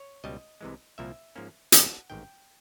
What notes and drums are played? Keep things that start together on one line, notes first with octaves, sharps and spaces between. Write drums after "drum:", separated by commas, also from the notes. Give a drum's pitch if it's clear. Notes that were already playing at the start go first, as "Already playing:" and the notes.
Already playing: C#5
C#2 B2 G3 D#5
C2 C3 E3 G#3
C2 A#2 F3 A#3 E5
G#2 F3 A#3 C#4
F2 C#3 F3 F#5, drum: hi-hat
A1 G#2 D#3 G5